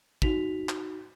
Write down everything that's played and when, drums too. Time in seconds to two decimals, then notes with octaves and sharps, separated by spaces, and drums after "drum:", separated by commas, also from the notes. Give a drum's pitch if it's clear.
0.22 D#4 F#4 B6 F7, drum: kick
0.69 drum: clap